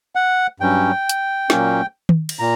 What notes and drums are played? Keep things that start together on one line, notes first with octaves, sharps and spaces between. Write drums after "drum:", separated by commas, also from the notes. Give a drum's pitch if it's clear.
F#5
G2 F#3 C#4 G5
drum: hi-hat
A#2 F#3 A#3 C#4, drum: snare
drum: tom D#3
drum: cymbal
A#2 A#5